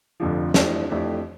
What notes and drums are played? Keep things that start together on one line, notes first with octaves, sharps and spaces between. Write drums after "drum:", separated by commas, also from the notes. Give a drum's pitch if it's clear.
F1 F2 D3 F3
F2 E3 A3 D4 G4, drum: snare
F2 E3 A3 D4 G4